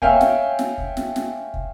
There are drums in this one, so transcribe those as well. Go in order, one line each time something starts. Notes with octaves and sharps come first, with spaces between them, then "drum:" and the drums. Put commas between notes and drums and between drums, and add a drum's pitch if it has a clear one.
C#5 E5 F5 G5 G#5, drum: kick
drum: snare
drum: snare
drum: kick
drum: snare
drum: snare
drum: kick